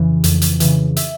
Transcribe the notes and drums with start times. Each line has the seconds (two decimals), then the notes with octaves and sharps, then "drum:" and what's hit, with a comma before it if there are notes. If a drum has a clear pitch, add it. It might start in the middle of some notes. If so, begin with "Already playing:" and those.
Already playing: F2 C#3 E3
0.24 F2, drum: hi-hat
0.42 drum: hi-hat
0.60 C#3 E3, drum: hi-hat
0.96 E5, drum: hi-hat